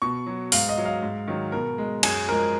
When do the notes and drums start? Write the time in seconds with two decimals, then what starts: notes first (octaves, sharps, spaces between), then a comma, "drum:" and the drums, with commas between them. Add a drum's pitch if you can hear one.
0.02 B2 C#6
0.26 F#3
0.52 G#2 F5, drum: open hi-hat
0.69 D#5
0.78 F#3
0.85 F5
1.02 G#2
1.28 D#3 F#3
1.52 B2 A#4
1.78 G#3
2.03 F#2 G#4, drum: cymbal
2.28 F3 G#3 A#4